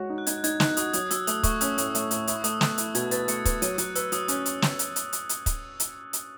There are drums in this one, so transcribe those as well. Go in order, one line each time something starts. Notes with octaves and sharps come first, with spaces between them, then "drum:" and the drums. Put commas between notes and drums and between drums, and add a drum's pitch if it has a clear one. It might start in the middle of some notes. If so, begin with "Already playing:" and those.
Already playing: G#3 F#4 C#5
D#4
F#6
D#4 G#6, drum: hi-hat
F#6
D#4 G#6, drum: hi-hat
D#4 F#6, drum: snare
F#4 D#6, drum: hi-hat
F#3 D#6, drum: hi-hat
F#3 E6, drum: hi-hat
A3 D#6, drum: hi-hat
A3 C#6, drum: kick, hi-hat
C#4 D#6, drum: hi-hat
A2 D#6, drum: hi-hat
A3, drum: hi-hat
A2, drum: hi-hat
E4 D#6, drum: hi-hat
C#6
A3 D#6, drum: hi-hat
E6
A3 F#6, drum: snare
E4, drum: hi-hat
B2 G#6, drum: hi-hat
B4 A6, drum: hi-hat
A3 C#7, drum: hi-hat
B4, drum: kick, hi-hat
F#3 D#7, drum: hi-hat
F#3 F#6, drum: hi-hat
B4 E6, drum: hi-hat
F#3 D#6, drum: hi-hat
C#4 F#6, drum: hi-hat
drum: hi-hat
drum: snare
drum: hi-hat
drum: hi-hat
drum: hi-hat
drum: hi-hat
drum: kick, hi-hat
drum: hi-hat
drum: hi-hat